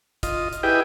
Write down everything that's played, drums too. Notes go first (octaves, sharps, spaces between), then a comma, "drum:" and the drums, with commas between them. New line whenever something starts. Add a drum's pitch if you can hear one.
F4 D#5, drum: kick, hi-hat
drum: hi-hat
E4 G4 G#4 B4 D#5 G5